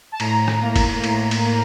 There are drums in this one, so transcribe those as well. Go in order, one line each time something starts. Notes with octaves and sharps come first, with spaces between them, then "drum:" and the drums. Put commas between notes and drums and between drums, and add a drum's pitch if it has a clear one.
A5
A2 A#5, drum: cymbal
drum: rim click
A#3
drum: kick, cymbal
A2, drum: cymbal
drum: cymbal
A#3